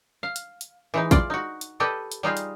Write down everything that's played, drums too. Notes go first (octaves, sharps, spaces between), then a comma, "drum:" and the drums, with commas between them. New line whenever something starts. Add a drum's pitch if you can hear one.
F5
drum: hi-hat
drum: hi-hat
E3 G#3 D#4
F4 D5, drum: kick, hi-hat
D#4 F#4
drum: hi-hat
G4 A4 B4 D5 D#5
drum: hi-hat
G3 D#4 F4 G#4
drum: hi-hat